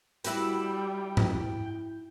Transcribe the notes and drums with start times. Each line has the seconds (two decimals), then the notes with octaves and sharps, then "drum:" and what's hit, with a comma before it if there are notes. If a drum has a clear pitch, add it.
0.24 G3 E4 F#4 B4 G5, drum: hi-hat
1.17 drum: tom G#2